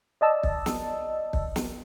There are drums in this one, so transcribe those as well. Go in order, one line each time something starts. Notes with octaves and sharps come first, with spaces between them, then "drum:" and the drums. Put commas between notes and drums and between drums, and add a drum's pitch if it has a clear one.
D5 D#5 A5 E6
drum: kick
drum: snare
drum: kick
drum: snare